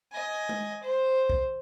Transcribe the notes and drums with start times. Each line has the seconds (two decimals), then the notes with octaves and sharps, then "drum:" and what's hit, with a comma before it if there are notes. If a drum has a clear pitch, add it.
0.12 D#5 G#5
0.49 drum: tom G#3
0.83 C5
1.30 drum: kick